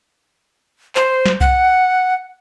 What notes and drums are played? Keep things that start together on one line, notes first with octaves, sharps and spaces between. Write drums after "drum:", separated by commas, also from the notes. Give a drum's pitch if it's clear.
C5, drum: clap
drum: snare
F#5, drum: kick C2